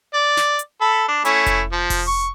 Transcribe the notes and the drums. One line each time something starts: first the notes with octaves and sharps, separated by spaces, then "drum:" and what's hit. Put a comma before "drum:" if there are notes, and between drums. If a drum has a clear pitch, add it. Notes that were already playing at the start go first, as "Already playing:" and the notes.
D5
drum: snare
drum: hi-hat
A4 B5
D4
A3 C#4 E4, drum: hi-hat
drum: kick F1, hi-hat
F3
drum: kick F1, open hi-hat
C#6